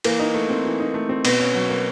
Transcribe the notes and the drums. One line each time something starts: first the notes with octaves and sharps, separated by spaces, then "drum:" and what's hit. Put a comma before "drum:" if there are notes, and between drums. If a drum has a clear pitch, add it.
E3 A#3, drum: cymbal
D#4
A3
C4
E3
D#4
A3
C4
B2 B3, drum: cymbal
C#4
F#3
A#3